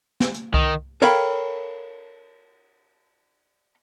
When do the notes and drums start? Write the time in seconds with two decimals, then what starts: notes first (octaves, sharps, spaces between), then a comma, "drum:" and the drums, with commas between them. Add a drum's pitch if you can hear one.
0.20 drum: snare
0.34 drum: hi-hat
0.54 D#3, drum: kick C2
1.02 A4 A#4 C#5 F5 G5 B5, drum: cymbal